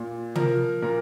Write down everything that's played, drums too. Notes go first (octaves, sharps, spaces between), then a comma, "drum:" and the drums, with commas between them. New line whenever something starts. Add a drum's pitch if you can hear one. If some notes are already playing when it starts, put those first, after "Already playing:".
Already playing: A#2
F3 A#4, drum: tom
A#2 A#4